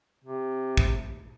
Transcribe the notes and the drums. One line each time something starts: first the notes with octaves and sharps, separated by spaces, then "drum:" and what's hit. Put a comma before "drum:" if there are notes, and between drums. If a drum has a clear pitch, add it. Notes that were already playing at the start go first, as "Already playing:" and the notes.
C3
drum: kick